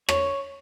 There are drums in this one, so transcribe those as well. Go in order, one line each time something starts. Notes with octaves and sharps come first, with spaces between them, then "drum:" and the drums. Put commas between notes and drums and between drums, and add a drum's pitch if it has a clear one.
C#5, drum: rim click